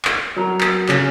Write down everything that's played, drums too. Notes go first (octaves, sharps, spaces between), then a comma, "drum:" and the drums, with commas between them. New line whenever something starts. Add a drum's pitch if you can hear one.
drum: clap
F#3 A#4
drum: clap
C#3, drum: clap